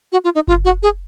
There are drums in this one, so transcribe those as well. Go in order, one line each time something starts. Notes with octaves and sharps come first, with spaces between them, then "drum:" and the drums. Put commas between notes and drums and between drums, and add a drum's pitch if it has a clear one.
F#4
F4
D#4
F4, drum: kick F#1
F#4
G#4